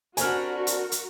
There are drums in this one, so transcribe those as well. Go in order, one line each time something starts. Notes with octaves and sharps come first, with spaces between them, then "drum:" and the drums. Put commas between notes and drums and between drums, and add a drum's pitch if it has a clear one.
G3 C4 D4 F#4 A#4 G#5 F6, drum: hi-hat
drum: hi-hat
drum: hi-hat